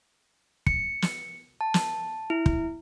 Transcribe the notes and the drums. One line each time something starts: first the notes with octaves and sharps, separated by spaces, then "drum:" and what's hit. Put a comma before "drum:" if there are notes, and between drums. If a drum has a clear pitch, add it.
C#7, drum: kick
drum: snare
A5
drum: snare
E4
drum: kick